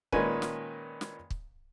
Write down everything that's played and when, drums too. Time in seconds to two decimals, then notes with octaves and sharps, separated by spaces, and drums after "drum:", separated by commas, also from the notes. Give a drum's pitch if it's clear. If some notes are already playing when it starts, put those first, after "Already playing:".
0.12 A#2 D#3 G#3 C#4 B4 G#5, drum: kick
0.42 drum: snare
1.01 drum: snare
1.30 drum: kick